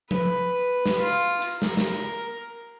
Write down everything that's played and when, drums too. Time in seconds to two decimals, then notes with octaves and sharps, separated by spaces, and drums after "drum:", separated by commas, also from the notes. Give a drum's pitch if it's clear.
0.11 B4, drum: tom
0.86 drum: snare
1.01 F4
1.42 drum: cymbal
1.62 A#4, drum: snare
1.77 drum: snare